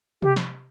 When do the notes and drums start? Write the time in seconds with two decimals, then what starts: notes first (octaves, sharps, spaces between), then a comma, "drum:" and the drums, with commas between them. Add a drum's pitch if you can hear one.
0.22 G4, drum: tom C3
0.36 drum: snare